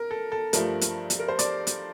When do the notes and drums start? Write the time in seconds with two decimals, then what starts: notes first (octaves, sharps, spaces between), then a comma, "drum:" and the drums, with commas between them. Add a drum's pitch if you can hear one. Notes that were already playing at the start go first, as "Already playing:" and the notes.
Already playing: A#4
0.11 A4
0.32 A4
0.53 G2 F3 A3 A#4, drum: hi-hat
0.81 drum: hi-hat
1.10 drum: hi-hat
1.20 A#4
1.28 C5
1.39 D5, drum: hi-hat
1.67 drum: hi-hat